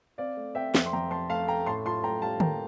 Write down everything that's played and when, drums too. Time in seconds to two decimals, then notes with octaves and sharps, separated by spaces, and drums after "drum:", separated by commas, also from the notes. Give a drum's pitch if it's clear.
0.18 C4 D5 F5
0.37 A3
0.55 C4 E5 G5
0.75 F2, drum: snare
0.86 C6
0.93 F2 G5 A#5
1.11 C4 A5 C6
1.30 A3 F5 A5
1.48 A3 G5 A#5
1.66 A2 A5 C6
1.86 F4 A5 C6
2.04 A2 G5 A#5
2.22 G3 F5 A5
2.40 A#3 G5 A#5, drum: tom D3